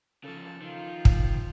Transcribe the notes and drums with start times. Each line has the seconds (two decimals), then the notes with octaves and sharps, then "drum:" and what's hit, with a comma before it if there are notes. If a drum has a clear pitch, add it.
0.24 C#3 F3 A4
0.61 D#3 F3 F4
1.05 drum: kick